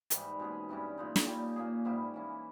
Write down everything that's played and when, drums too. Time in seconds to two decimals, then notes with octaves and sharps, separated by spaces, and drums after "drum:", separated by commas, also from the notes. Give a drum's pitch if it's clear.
0.10 G#2 E3 G3, drum: hi-hat
0.40 B2 G#3 C#4 G#4
0.69 G2 E3 G3 C#4
0.98 A#2 G#3 D#4
1.16 drum: snare
1.27 A#2 G3 C#4 G4
1.56 A#2 A#3 C#4 G#4
1.85 G#2 G3 A#3 E4
2.14 E3 A#3 C#4